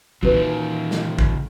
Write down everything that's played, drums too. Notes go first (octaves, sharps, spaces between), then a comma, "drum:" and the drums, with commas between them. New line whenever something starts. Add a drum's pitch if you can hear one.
A#2 D#3 E3 F#4 B4
drum: snare
drum: kick